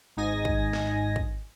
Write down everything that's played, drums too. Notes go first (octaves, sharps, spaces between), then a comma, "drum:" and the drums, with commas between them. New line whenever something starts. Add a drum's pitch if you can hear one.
G#1 G#2 D#4 D#5 G#5 A#6
drum: kick
drum: snare
drum: kick